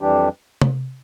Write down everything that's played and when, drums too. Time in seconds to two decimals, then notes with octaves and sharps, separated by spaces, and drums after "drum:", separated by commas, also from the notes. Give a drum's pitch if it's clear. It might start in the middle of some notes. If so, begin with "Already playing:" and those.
0.01 F2 E3 G3 D4 G4
0.62 drum: tom C3